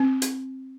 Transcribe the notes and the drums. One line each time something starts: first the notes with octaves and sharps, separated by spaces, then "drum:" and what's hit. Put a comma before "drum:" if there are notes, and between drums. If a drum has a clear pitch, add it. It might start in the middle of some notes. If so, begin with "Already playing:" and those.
Already playing: C4
drum: hi-hat